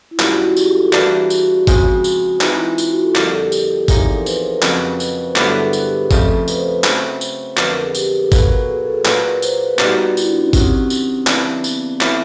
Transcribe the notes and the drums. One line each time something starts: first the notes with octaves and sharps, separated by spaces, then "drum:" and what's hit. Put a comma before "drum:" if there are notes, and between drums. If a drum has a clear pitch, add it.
E4
F#2 D#3 G3 A#3 F4, drum: clap
F#4
F#4
G4, drum: tambourine
G#4
A4
G#4
E3 G3 A#3 D4 F#4, drum: clap
F#4, drum: tambourine
C#3 F3 G#3 C4, drum: kick G1, tambourine
drum: tambourine
E3 G#3 C4 D#4 F4, drum: clap
E4
F4
F4, drum: tambourine
F#4
A4
F2 D3 G3 A#4, drum: clap
A4
G4
drum: tambourine
E2 C3 F3 A#3 D#4 G#4, drum: kick G1, tambourine
A4
A#4
C5
B4, drum: tambourine
C5
A#4
F2 C#3 F#3 B4, drum: clap
B4, drum: tambourine
C5
G2 D3 F#3 B3 E4 B4, drum: clap
A4
G#4
G4, drum: tambourine
G4
G#4
F2 C#3 F3 A3 A4, drum: kick G1, tambourine
B4, drum: tambourine
C5
B4
C5
C#3 F#3 A3 C4, drum: clap
drum: tambourine
F2 D3 F#3 B3 B4, drum: clap
A#4
G#4
G4, drum: tambourine
G4
A4
B2 F#3 A#3 B4, drum: kick G1, tambourine
A#4
A4
G#4
A4
G#4
A#2 F#3 A#3 B4, drum: clap
A#4
C5, drum: tambourine
C5
B4
A#2 G3 B3 D#4 F#4, drum: clap
F4
E4, drum: tambourine
D4
C#4
C3 D#3 F#3 C4, drum: kick G1, tambourine
drum: tambourine
C#3 E3 G3 A#3 D4, drum: clap
B3, drum: tambourine
E3 A3 C#4 E4, drum: clap